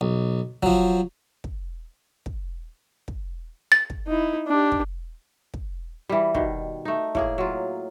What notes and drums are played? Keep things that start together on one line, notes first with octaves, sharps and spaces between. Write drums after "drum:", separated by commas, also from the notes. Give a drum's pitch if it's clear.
B1
F3 F#3, drum: kick
drum: kick
drum: kick
drum: kick
A6
drum: kick
D#4 E4
D4 G4
drum: kick
drum: kick
E3 G3
B2 D#3, drum: kick
A3 D#4
A2 A#3 G#4, drum: kick
F#3 F4